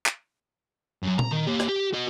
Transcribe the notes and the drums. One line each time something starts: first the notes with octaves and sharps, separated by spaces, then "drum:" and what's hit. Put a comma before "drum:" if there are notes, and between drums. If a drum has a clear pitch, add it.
drum: clap
F#2 F#3
A#5, drum: tom A#2
D#3
A#3 G4
drum: rim click
G4
F#4 B4